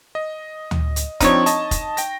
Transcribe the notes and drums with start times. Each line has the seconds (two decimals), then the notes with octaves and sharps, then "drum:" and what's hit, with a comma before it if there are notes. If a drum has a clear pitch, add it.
0.15 D#5
0.71 drum: tom D2
0.96 drum: hi-hat
1.20 F3 C4 D4 D#4 G4 C#5, drum: kick F1, hi-hat
1.46 D#5 A5, drum: hi-hat
1.71 drum: kick F1, hi-hat
1.97 G5 A#6, drum: hi-hat